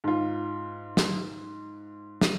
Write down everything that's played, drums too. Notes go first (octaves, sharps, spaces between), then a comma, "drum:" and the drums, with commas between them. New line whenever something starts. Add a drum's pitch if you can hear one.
G#2 F4
drum: snare
drum: snare